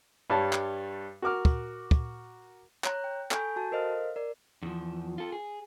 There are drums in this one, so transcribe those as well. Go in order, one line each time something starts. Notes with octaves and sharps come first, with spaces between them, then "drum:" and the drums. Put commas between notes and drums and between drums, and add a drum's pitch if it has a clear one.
G2 G3 C#5 A5
drum: clap
F#4 A#4 D6 F6
drum: kick
drum: kick
C#5 A#5 F#6, drum: clap
G5
A4 G#5 B5 C#6 G6, drum: clap
F#4 A5
A4 A#4 C5 D#5 F5 F6
A#4 D5
E2 F3
F4 A4
G#4